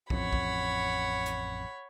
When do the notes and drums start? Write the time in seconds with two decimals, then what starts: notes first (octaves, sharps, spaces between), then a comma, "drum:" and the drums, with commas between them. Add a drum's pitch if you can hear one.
0.10 A1 F2 C#5 F#5 B5, drum: kick
0.33 drum: kick
1.26 drum: hi-hat